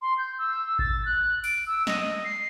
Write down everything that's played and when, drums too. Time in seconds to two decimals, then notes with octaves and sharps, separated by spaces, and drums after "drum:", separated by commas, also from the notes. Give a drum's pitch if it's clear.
0.02 C6
0.18 G6
0.39 E6
0.79 A6, drum: kick G#1
1.05 F#6
1.44 D7, drum: open hi-hat
1.67 E6
1.87 D#5, drum: snare
2.25 C7